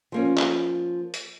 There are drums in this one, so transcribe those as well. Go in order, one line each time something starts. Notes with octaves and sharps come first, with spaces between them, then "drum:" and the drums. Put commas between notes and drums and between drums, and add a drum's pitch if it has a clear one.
F3 A#3 C#4
drum: clap
drum: hi-hat